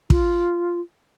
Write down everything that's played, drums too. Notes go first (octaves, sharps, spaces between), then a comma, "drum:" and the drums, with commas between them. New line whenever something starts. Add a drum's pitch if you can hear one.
F4, drum: kick